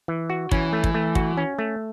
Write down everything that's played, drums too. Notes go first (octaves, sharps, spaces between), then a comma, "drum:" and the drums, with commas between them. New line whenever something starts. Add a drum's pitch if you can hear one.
E3
F#4
E3 C#4, drum: kick
A3
drum: kick
A3
F#4, drum: kick
C#4
A3